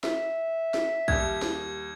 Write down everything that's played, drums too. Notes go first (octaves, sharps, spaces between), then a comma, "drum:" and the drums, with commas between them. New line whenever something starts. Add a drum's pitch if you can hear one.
E5, drum: snare
drum: snare
D#2 G3 G#6, drum: kick
drum: snare